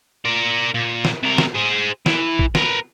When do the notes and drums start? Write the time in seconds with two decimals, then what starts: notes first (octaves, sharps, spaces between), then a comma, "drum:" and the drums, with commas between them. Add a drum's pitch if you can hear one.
0.25 A#4 D5
0.74 A#2
1.05 drum: snare
1.23 C3 A#4
1.38 drum: snare
1.55 G#4 C5
2.06 E3, drum: snare
2.39 drum: kick
2.55 A#4 B4, drum: snare